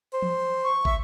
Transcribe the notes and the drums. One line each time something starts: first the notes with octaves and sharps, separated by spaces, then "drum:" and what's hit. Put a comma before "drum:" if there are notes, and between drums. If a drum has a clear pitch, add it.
C5
drum: tom E3
C#6
E5, drum: kick